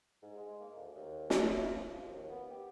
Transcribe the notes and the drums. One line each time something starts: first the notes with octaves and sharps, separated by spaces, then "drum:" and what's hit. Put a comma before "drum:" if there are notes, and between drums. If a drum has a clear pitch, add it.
G#2
G#3
A#3
D2
D#2
G#3, drum: snare
E4
F3
D#2
B3
G4